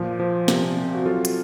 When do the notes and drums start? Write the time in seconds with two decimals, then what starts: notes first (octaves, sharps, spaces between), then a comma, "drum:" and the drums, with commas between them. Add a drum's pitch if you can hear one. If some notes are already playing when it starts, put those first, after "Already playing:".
Already playing: A#2 F3
0.20 F3
0.48 C3, drum: snare
0.77 C3
0.95 F#4
1.05 F#3 F4 A4
1.25 drum: hi-hat